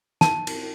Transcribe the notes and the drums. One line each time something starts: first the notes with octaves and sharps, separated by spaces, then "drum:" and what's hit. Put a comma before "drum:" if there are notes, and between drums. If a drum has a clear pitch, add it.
A5, drum: snare
drum: cymbal